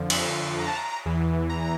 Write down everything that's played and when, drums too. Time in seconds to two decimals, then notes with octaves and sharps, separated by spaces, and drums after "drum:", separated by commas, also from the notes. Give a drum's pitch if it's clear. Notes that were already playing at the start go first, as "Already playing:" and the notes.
Already playing: F2 D3 F3
0.10 drum: cymbal
0.60 A#5
0.68 A5
0.75 A#5
1.06 E2 E3
1.50 A#5